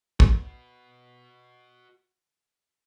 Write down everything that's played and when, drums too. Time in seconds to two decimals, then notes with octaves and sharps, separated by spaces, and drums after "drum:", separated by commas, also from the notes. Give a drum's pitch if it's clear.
0.20 F#4 B4, drum: kick